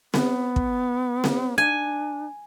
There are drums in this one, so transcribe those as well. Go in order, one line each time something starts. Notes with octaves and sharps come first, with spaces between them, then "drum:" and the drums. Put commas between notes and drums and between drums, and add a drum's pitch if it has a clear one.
B3, drum: snare C4
drum: kick
drum: snare C4
D4 G#5